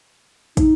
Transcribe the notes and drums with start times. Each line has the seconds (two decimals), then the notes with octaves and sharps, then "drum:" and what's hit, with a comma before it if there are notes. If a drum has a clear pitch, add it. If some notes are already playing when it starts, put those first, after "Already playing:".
0.57 D#4, drum: kick, hi-hat